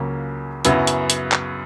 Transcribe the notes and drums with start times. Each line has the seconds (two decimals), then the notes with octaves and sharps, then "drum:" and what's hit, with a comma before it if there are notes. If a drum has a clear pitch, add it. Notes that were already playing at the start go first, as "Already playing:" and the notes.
Already playing: C#2 C#3 F#3 A#3 C#4
0.65 F#2 C#3 F#3 B3 E4, drum: hi-hat
0.87 drum: hi-hat
1.10 drum: hi-hat
1.32 drum: clap